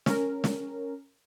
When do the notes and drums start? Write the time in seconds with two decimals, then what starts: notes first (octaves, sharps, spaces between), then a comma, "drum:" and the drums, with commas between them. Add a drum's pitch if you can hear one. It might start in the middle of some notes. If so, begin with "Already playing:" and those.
0.06 C#4 A#4, drum: snare
0.44 drum: snare